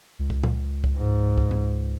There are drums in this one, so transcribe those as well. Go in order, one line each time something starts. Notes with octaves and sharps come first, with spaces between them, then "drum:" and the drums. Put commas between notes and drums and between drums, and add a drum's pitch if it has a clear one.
C#2
drum: kick C2
drum: tom A#2
drum: kick C2
G#2
drum: kick C2
drum: tom G#2